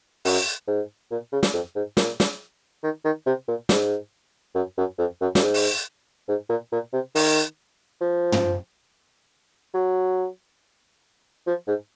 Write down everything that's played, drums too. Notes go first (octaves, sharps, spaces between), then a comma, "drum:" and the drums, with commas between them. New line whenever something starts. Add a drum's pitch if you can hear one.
F#2, drum: open hi-hat
G#2
A#2
C#3
drum: snare
F2
G#2
A#2, drum: snare
drum: snare
D#3
D#3
C3
A#2
G#2, drum: snare
F#2
F#2
F2
F#2
F#2, drum: snare
G#2
drum: open hi-hat
G#2
A#2
A#2
C3
D#3, drum: open hi-hat
F3
drum: tom
F#3
F3
G#2